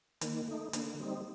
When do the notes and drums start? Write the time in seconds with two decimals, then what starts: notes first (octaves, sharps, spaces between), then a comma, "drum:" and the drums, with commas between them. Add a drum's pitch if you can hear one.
0.21 D#3 A#3, drum: hi-hat
0.48 A3 D#4
0.73 D3 A#3, drum: hi-hat
1.00 G3 C4 D#4